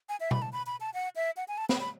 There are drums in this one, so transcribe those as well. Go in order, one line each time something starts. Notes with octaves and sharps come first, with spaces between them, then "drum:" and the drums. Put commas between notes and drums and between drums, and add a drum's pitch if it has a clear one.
G#5
E5
B5, drum: tom B2
A5
B5
B5
A5
F#5
E5
F#5
G#5
A5
B5, drum: snare
B5